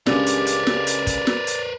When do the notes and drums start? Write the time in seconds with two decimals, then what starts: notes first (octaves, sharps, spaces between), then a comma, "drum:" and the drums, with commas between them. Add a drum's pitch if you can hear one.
0.06 C#2 C#3 D4 G4 A#4 B4 D5, drum: snare
0.27 drum: hi-hat
0.47 drum: hi-hat
0.67 drum: snare
0.87 drum: hi-hat
1.07 drum: kick, hi-hat
1.27 drum: snare
1.47 drum: hi-hat